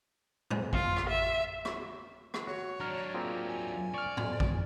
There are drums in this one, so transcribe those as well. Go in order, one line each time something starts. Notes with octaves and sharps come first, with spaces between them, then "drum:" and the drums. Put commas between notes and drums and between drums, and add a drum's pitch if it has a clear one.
drum: tom A2
F4, drum: kick A1
drum: rim click
E5
drum: rim click
drum: rim click
F#4 C#5
F#3 D4 A#5 F6
A#3 C4 F4 G#4
G#5
D5 C#6 F6
drum: tom A2
drum: kick A1